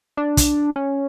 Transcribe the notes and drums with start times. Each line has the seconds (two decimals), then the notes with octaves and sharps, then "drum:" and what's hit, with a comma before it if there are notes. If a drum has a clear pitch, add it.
0.17 D4
0.37 drum: kick, hi-hat
0.76 C#4